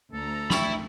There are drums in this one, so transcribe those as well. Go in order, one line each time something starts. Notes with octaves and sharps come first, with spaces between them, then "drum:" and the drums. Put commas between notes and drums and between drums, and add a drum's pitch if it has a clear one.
D2 A4 A#5
E5 G5 B5 C#6 F7, drum: snare